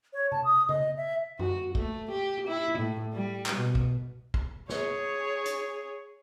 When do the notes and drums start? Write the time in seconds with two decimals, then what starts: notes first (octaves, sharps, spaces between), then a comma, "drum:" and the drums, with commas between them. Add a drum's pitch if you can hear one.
0.13 C#5
0.32 A5, drum: tom C3
0.44 D#6
0.69 D#5, drum: tom C#3
0.97 E5
1.39 F#4, drum: tom F#2
1.75 A3, drum: kick
2.11 G4
2.48 E4
2.79 A2
3.13 G3
3.46 drum: clap
3.55 B2
3.75 drum: kick
4.34 drum: kick
4.69 G#4 C#5, drum: snare
5.45 drum: hi-hat